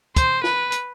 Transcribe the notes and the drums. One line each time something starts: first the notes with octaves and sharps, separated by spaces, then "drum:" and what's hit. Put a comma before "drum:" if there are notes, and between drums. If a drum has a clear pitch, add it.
C5, drum: kick, hi-hat
B4, drum: snare
drum: hi-hat